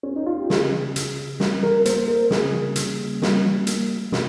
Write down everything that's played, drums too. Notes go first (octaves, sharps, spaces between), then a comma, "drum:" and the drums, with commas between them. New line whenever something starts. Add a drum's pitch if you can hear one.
C#4
D#4
F4
G4
C#3 G#4, drum: snare
C#3, drum: hi-hat
G3, drum: snare
A#4
A#3 C5, drum: hi-hat
A#4
C#3 G#4, drum: snare
C#3, drum: hi-hat
G3, drum: snare
A#3, drum: hi-hat
C3, drum: snare